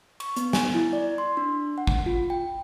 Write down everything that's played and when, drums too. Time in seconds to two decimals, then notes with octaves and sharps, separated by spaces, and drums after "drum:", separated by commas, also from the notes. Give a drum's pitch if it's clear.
0.20 C#6, drum: cymbal
0.37 B3, drum: hi-hat
0.53 G#5, drum: snare
0.74 E4
0.93 D5
1.18 C6
1.37 D4
1.78 F#5
1.87 drum: kick G#1
2.06 F4
2.30 G5